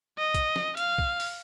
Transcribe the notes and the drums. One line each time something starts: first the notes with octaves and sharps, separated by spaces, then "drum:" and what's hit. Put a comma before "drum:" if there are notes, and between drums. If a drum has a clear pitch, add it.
D#5
drum: kick, hi-hat
drum: snare
F5, drum: hi-hat
drum: kick
drum: open hi-hat